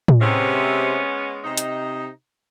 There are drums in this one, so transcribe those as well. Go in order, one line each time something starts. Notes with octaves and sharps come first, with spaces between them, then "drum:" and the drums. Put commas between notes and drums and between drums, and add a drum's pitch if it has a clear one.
drum: tom A2
C3 G#3 B3 C#4
C3 D#4
drum: hi-hat